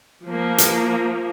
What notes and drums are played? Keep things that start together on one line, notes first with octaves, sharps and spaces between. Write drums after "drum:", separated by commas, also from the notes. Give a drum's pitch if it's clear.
F3 A#3
drum: hi-hat